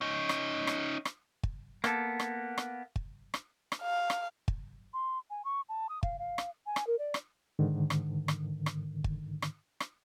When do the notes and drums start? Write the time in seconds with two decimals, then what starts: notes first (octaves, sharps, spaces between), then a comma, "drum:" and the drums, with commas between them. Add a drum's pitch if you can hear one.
0.01 C#4 D#4
0.29 drum: rim click
0.67 drum: rim click
1.05 drum: rim click
1.43 drum: kick
1.84 A#3 B3 A4, drum: rim click
2.20 drum: rim click
2.58 drum: rim click
2.96 drum: kick
3.34 drum: rim click
3.72 drum: rim click
3.83 F5
4.10 drum: rim click
4.48 drum: kick
4.94 C6
5.30 G#5
5.45 C#6
5.69 A5
5.89 D#6
6.03 F5, drum: kick
6.19 F5
6.38 drum: rim click
6.66 G#5
6.76 drum: rim click
6.87 A#4
6.99 D5
7.14 drum: rim click
7.59 G#2 D3 D#3
7.90 drum: rim click
8.28 drum: rim click
8.66 drum: rim click
9.04 drum: kick
9.42 drum: rim click
9.80 drum: rim click